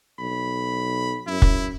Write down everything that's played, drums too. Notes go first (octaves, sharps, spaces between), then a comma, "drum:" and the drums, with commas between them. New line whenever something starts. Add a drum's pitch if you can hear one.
B1 B5
F#2 E4
drum: kick